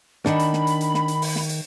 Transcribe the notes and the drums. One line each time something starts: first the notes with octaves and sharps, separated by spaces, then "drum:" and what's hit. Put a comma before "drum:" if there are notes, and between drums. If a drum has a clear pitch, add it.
D#3 D4 F#5 B5, drum: snare
drum: hi-hat
drum: snare
drum: hi-hat
drum: hi-hat
drum: snare
drum: hi-hat
drum: open hi-hat
drum: snare
drum: hi-hat